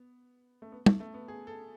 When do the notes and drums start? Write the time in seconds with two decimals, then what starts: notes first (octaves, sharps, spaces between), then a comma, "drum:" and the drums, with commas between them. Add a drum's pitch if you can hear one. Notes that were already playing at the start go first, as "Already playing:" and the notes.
Already playing: B3
0.62 A3
0.72 B3
0.86 A3, drum: tom
1.00 A3
1.14 B3
1.28 G#4
1.47 A4